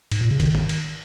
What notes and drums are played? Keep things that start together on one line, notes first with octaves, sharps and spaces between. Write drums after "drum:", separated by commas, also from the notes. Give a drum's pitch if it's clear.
G#2, drum: cymbal
A#2
C#3
D#3, drum: kick G#1, cymbal
drum: tom
drum: cymbal